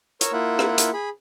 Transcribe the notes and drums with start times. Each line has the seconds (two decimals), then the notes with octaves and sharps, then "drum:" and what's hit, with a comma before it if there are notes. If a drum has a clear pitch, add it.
0.21 A#4 C#5 C#6 E6, drum: hi-hat
0.33 A#3 E4 F4 E5 F#5
0.59 drum: rim click
0.78 drum: hi-hat
0.93 G#4 B5